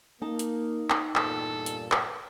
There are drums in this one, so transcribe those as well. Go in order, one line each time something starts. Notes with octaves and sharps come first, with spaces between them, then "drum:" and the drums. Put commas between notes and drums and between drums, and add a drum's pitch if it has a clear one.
A#3 D#4 A5
drum: hi-hat
drum: clap
E2 G2 A#2 A4, drum: clap
drum: hi-hat
drum: clap